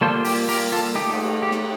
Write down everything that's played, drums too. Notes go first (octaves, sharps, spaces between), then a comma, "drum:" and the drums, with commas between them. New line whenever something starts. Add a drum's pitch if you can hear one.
G3 A#3 F4 A4 C5
G4, drum: open hi-hat
G4 A#4, drum: open hi-hat
F4 A4
A3 D#4 G4
drum: cymbal
G4
drum: snare